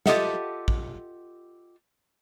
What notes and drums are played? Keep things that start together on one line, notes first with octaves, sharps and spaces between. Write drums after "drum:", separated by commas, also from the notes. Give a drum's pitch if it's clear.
F4 G4 A4 D#5 E5 F#5, drum: snare
drum: kick